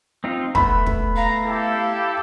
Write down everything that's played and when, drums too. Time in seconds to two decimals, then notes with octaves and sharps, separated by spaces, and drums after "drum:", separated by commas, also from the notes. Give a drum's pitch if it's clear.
0.24 C4 D#4 F4
0.55 A3 B3 B5, drum: kick
0.87 drum: kick
1.16 F5 A#5
1.44 E4 G4 A4